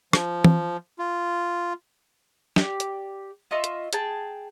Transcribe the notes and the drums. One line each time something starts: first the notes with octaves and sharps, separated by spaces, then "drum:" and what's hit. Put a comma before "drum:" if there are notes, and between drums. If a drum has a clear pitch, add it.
F3, drum: rim click
drum: tom E3
F4
G4 D5, drum: snare
drum: hi-hat
F4 D#5 E5 C#6
drum: hi-hat
G#4 G5 A5, drum: hi-hat